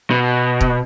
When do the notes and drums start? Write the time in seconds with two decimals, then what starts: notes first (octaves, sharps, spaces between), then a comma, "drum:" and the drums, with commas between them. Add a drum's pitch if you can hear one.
0.11 B2
0.61 drum: kick